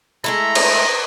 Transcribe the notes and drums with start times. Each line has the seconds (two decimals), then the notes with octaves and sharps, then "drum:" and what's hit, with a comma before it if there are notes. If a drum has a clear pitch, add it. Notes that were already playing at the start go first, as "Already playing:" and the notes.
0.24 G#3 A3 E4 A#5
0.55 drum: cymbal